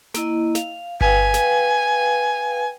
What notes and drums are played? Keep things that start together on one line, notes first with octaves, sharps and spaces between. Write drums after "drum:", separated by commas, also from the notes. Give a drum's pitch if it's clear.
A#3 E4 D#5, drum: snare
F5, drum: snare
B4 F5 G5 G#5, drum: kick G1
drum: snare